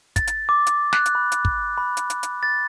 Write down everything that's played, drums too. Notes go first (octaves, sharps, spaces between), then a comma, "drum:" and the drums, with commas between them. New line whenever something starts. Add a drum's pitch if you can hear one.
A6, drum: kick, hi-hat
drum: hi-hat
D6
drum: hi-hat
F#6, drum: snare
drum: hi-hat
B5
drum: hi-hat
drum: kick
B5
drum: hi-hat
drum: hi-hat
drum: hi-hat
A6